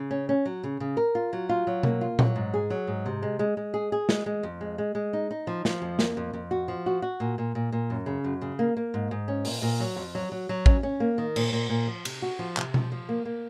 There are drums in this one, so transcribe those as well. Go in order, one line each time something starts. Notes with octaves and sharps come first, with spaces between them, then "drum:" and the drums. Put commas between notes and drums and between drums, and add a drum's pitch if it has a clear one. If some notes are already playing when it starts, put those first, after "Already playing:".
Already playing: C#3
C#4
C#4
F#3
C#3
C#3
A#4
F4
F#3
F4
F#3
A#3, drum: tom B2
F4
F#3, drum: tom A#2
G#2
G#4
F#3
G#2
C3
G#3
G#3
G#3
G#4
G#4
G#3, drum: snare
G#3
F2
G#3
G#3
G#3
D#4
D#4
F3
F3, drum: snare
F2
A#3, drum: snare
F2
F2
F#4
F3
F#4
F#4
A#2
A#2
A#2
A#2
F#2
C#3
F#2
C#3
A#3
A#3
G#2
G#2
C#4
A#2, drum: open hi-hat
A#2
F#3
F2
F#3
F#3
F#3
C#4, drum: kick A1
C#4
A#3
D#3
A#2, drum: cymbal
A#2
A#2
F3
C3, drum: cymbal
F#4
F3
C3, drum: clap
F3, drum: tom B2
F3
A#3
A#3